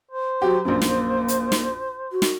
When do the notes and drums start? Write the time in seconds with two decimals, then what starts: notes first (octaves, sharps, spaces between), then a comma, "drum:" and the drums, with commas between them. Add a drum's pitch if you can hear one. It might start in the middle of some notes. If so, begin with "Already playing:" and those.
0.11 C5
0.42 F#3 F#4 G4
0.65 A#1 F#2 A#3
0.82 drum: snare
1.28 drum: hi-hat
1.52 drum: snare
2.12 F#4
2.22 drum: snare